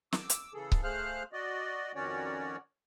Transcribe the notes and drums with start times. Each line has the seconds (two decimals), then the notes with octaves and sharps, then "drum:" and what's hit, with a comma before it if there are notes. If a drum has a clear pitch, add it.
0.12 D6 E6, drum: snare
0.30 drum: hi-hat
0.54 C#3 E3 G#4 A4
0.72 drum: kick C#1
0.83 A3 G#4 C5 F5 F6 F#6
1.33 F#4 D5 D#5
1.95 F2 D#3 C#4 F#4 C#5 D5